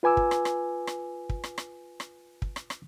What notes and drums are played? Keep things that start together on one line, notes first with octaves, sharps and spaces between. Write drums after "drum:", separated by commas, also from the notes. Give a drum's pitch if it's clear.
F4 B4 G#5 D6 E6
drum: kick
drum: rim click
drum: rim click
drum: rim click
drum: kick
drum: rim click
drum: rim click
drum: rim click
drum: kick
drum: rim click
drum: rim click